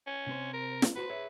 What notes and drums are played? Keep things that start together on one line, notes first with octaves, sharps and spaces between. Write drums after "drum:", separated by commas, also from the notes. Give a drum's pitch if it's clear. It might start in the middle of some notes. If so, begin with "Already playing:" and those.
C#4
C3 C4 C5
A#4
drum: snare
B3 F#4 B4 C5
G#4 C#5 E5